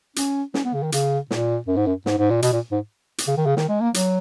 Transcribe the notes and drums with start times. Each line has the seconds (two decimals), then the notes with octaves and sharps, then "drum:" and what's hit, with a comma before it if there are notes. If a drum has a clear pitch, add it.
0.16 C#4, drum: hi-hat
0.54 C#4, drum: snare
0.64 B3
0.74 C#3
0.83 D#3
0.92 C#3, drum: hi-hat
1.31 A#2, drum: snare
1.68 F#2
1.76 G#2
1.86 F#2
2.06 G#2, drum: snare
2.18 G#2
2.30 A#2
2.42 B2, drum: hi-hat
2.53 A#2
2.72 G#2
3.18 drum: hi-hat
3.27 C#3
3.37 D#3
3.46 C#3
3.57 D#3, drum: snare
3.69 G#3
3.81 A#3
3.94 F#3, drum: hi-hat